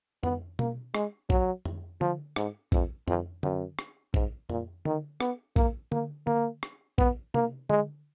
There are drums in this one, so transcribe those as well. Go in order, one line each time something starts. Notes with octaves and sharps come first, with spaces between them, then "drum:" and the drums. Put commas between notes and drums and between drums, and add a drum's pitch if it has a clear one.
B3, drum: tom F2
A#3, drum: tom B2
G#3, drum: rim click
F#3, drum: kick
drum: tom F2
F3, drum: tom D3
G#2, drum: rim click
F2, drum: kick
F2, drum: tom F2
F#2, drum: tom D3
drum: rim click
G#2, drum: kick
A#2, drum: tom F2
D#3, drum: tom D3
B3, drum: rim click
A#3, drum: kick
A#3, drum: tom D3
A#3, drum: tom D3
drum: rim click
B3, drum: kick
A#3, drum: tom
G#3, drum: tom D3